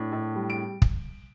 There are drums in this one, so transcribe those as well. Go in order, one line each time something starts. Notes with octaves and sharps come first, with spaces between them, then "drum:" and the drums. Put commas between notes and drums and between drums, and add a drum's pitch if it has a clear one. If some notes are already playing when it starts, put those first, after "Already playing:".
Already playing: A2 D4
A2
G3
D7
drum: kick